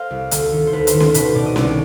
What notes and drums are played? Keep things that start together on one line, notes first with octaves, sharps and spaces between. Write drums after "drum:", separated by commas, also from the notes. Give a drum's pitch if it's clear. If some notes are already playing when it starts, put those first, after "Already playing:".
Already playing: C5 D#5 F5
C2
D2, drum: hi-hat
D#3
C5
D2 B4
C5, drum: hi-hat
D#3
C5, drum: snare C#4
B2 B4, drum: hi-hat
C5
B2 D5
D#5
C2 D5, drum: snare C#4